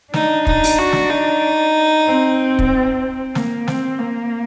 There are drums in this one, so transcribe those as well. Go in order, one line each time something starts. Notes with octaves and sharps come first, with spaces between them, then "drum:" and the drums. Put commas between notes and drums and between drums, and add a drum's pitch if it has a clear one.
D4 D#4, drum: snare
D#4, drum: kick
drum: open hi-hat
F#4
drum: snare
D#4
C4
drum: kick
A#3, drum: snare
C4, drum: snare
A#3